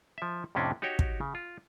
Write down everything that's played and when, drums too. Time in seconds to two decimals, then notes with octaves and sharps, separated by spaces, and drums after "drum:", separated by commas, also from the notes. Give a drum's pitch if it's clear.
0.18 F3 E5
0.55 F2 A2 C3 C#4 D4
0.82 D#4 F#4 G4 C#5 G5
0.99 drum: kick
1.21 C#3
1.35 F4